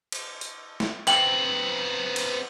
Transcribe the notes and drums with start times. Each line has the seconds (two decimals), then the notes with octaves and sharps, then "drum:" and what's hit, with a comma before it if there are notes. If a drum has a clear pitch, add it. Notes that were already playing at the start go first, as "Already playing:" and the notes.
0.12 drum: cymbal
0.41 drum: hi-hat
0.80 drum: snare
1.08 B3 C4 G5 F#7, drum: clap
2.16 drum: cymbal